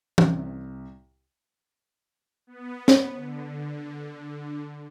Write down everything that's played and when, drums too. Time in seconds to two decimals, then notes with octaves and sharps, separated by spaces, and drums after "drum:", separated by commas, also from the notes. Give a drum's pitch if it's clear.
0.18 C2, drum: tom
2.47 B3
2.88 drum: snare
3.16 D3